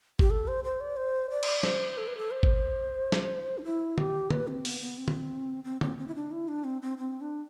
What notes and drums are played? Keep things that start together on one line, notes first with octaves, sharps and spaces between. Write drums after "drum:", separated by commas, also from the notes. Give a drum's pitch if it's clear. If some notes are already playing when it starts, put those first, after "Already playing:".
G4, drum: kick G#1
A4
C5
C5
D5
C5
D5
drum: cymbal
C5, drum: snare
A4
B4
A4
C5
drum: kick G#1
drum: snare
D4
E4
G4, drum: tom
B4, drum: tom
C4
B3, drum: open hi-hat
B3
C4
drum: tom
C4
C4, drum: tom
C4
E4
D4
E4
D4
C4
C4
C4
D4